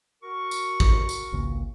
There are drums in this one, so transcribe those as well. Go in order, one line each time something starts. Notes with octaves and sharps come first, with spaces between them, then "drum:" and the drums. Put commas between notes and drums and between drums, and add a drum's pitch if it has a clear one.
F#4 A#4 C#6
drum: tambourine
drum: kick G#1
drum: tambourine
G#1 C#2 A#2